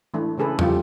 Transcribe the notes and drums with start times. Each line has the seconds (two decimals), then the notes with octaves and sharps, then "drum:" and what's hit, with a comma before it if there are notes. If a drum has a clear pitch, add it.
0.14 E3 A3 D4 E4
0.38 C#3 A3 G#4 A4 B4
0.59 F3 G3 F4 G4, drum: tom E2